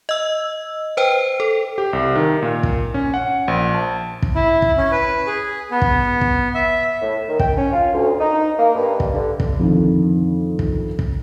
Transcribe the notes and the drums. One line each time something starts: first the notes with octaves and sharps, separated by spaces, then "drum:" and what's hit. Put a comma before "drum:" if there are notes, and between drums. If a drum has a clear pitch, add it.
D#5 E6
B4 C5 G5
A4
G4
C2
D#3
A#2
drum: kick
C#4
F#5
A#1
A5
drum: kick
E4
drum: kick
C#4
B4
G#4
B3
drum: kick
drum: kick
E5
A2
D#3
G5, drum: kick
C#4
F4
D2
D#4
A#3
G2
drum: kick
D3
drum: kick
F2 D3 D#3
drum: kick
drum: kick